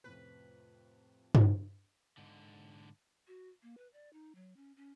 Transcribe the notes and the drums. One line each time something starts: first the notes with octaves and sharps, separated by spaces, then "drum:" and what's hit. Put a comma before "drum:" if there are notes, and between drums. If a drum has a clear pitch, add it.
F2 A2 C3 B4
drum: tom G2
G#2 D3
F#4
A#3
B4
D5
D#4
F#3
C#4
C#4